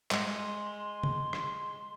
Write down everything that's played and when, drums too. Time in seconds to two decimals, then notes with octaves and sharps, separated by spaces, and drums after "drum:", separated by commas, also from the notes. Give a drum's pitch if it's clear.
0.11 G#3 C6, drum: clap
1.03 drum: tom C#3
1.33 drum: rim click